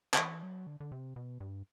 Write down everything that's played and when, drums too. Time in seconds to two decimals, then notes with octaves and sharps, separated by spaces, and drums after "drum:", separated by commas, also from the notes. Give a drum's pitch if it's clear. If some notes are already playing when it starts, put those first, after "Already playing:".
0.14 D3, drum: clap
0.18 E3
0.43 F#3
0.67 D3
0.80 D3
0.92 C3
1.16 B2
1.40 G2